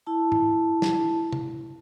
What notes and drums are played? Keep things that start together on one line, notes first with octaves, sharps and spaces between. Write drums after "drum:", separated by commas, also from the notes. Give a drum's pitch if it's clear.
E4 A5
drum: tom
drum: snare
drum: tom